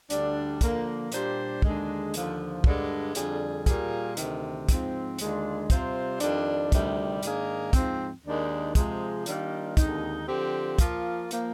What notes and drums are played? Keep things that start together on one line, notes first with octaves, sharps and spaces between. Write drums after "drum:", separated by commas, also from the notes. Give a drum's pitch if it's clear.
D2 D3 G3 D4, drum: hi-hat
D3 F3 A#3, drum: kick, hi-hat
A#2 G3 D4 G4 C5, drum: hi-hat
D#2 D3 G#3 D4, drum: kick
D#2 D3 F3, drum: hi-hat
G2 D3 G#3, drum: kick
F2 D3 G3 D4 G#4, drum: hi-hat
A#2 G3 A#3 F4 G#4, drum: kick, hi-hat
D2 C3 D#3, drum: hi-hat
G#2 F3 C4, drum: kick, hi-hat
D#2 D3 G#3 D4 F4, drum: hi-hat
C3 G3 C4 F4 C5, drum: kick, hi-hat
F2 D#3 G3 D4, drum: hi-hat
D2 C3 D#3 G3, drum: kick, hi-hat
G#2 D#3 A#3 D4 G#4, drum: hi-hat
G#2 F3 C4, drum: kick, hi-hat
D#2 D#3 G#3 D4
C3 F3 G#3, drum: kick, hi-hat
D#3 G3 A#3 D4 F4, drum: hi-hat
D#2 D3 G#3 C4 D#4, drum: kick, hi-hat
D3 F3 C4 G4
F3 A#3 F4, drum: kick, hi-hat
F3 A#3, drum: hi-hat